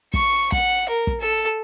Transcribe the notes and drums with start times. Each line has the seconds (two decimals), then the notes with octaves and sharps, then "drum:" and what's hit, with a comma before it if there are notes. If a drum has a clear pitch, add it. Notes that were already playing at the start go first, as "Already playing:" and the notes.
0.14 C#6, drum: kick
0.52 F#5, drum: kick
0.89 A#4
1.07 drum: kick
1.21 A4